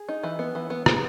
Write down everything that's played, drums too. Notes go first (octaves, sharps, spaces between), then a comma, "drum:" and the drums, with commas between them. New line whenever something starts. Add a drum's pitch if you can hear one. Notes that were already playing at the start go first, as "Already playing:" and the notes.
Already playing: G#4
D#4
E3
B3
E3
B3
B3, drum: rim click